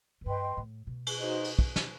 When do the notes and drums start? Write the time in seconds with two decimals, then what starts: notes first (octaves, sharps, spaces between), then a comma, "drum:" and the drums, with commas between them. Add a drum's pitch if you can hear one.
0.21 A2
0.26 G2 B4 D#5 G5 C6
0.57 A2
0.87 B2
1.07 drum: cymbal
1.18 D#4 F#4 C5 D#5
1.44 drum: open hi-hat
1.59 drum: kick
1.76 drum: snare